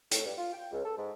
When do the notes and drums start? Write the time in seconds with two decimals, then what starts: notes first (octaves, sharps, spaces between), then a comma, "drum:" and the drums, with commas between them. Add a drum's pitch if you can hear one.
0.11 A2, drum: hi-hat
0.25 G2
0.37 F4
0.53 G5
0.71 C#2
0.84 A4
0.97 G#2